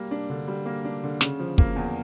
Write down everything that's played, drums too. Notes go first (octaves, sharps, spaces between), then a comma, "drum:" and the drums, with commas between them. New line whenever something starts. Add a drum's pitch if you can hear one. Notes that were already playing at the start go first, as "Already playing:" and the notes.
Already playing: G3 A#3
D4
D3
G3
A#3
D4
D3
C#3, drum: snare
F3
A#3, drum: kick
E2